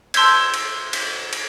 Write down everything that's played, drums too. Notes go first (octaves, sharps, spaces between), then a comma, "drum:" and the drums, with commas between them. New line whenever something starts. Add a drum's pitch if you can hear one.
A5 C6 E6 G6 G#6, drum: cymbal
drum: cymbal
drum: cymbal
drum: cymbal